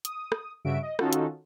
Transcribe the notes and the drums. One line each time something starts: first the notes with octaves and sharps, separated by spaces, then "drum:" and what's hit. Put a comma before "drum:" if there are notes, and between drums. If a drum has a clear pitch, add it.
D#6, drum: hi-hat
drum: rim click
G2 C#3 F#4 E5 D7
D#5
D#3 C#4 D#4 F4 F#4 A4, drum: rim click
drum: hi-hat